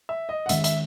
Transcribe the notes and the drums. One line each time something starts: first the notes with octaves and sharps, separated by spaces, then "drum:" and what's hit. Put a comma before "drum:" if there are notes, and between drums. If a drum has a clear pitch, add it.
E5
D#5
F#5
D#3 G#3 C#4 E5, drum: hi-hat
E5, drum: hi-hat